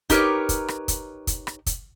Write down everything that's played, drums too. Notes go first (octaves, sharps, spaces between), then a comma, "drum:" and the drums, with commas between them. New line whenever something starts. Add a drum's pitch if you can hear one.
D#4 G4 A#4 B4 C#5, drum: kick, hi-hat
drum: kick, hi-hat
drum: rim click
drum: kick, hi-hat
drum: kick, hi-hat
drum: rim click
drum: kick, hi-hat